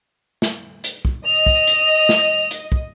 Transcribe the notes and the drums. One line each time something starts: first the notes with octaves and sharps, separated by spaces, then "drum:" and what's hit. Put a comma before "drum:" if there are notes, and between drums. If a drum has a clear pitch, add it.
drum: snare
drum: hi-hat
drum: kick
D#5 F7
drum: kick
drum: hi-hat
drum: snare
drum: hi-hat
drum: kick